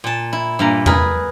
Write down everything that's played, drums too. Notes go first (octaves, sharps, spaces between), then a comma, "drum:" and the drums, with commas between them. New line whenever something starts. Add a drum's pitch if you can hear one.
A#2 A5
E4
G2 A#2 A#5
G#4 A#4 B4, drum: tom E2